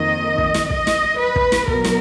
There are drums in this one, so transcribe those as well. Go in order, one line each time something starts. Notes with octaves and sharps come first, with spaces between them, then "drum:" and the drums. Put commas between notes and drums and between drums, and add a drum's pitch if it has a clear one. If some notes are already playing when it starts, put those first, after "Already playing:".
Already playing: F2 D#3 A#3 D#5
drum: kick
drum: snare
D#5, drum: kick
drum: snare
B4
drum: kick
drum: snare
B2 F#3 A#4, drum: kick
drum: snare